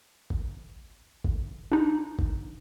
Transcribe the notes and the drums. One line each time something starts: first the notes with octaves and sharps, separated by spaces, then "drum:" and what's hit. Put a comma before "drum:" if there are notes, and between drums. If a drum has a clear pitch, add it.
drum: kick G#1
drum: kick G#1
D4 D#4
drum: kick G#1